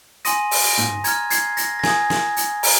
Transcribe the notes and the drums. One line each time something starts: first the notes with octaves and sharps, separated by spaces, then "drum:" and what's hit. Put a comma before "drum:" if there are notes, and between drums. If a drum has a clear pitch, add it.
G#5 C6 D#6 A#6 D#7, drum: hi-hat
drum: open hi-hat
A#6
drum: tom
A#5 F6 G#6, drum: hi-hat
G#6 C7, drum: hi-hat
A#6, drum: hi-hat
A#6
G#5 D#6 G#6, drum: snare
drum: snare
drum: hi-hat
A#5, drum: open hi-hat